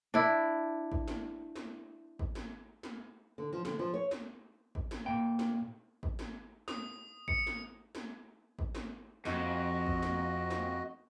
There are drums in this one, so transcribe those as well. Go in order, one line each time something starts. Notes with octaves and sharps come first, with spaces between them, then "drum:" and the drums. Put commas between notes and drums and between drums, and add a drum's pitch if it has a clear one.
D4 E4
drum: kick
drum: snare
drum: snare
drum: kick
drum: snare
drum: snare
D3
F3
D3, drum: snare
F3
C#5
drum: snare
drum: kick
drum: snare
A#2 G5
drum: snare
drum: kick
drum: snare
D#6, drum: snare
C#7, drum: kick
drum: snare
drum: snare
drum: kick
drum: snare
F2 F#4 D#5, drum: snare
drum: kick
drum: snare
drum: snare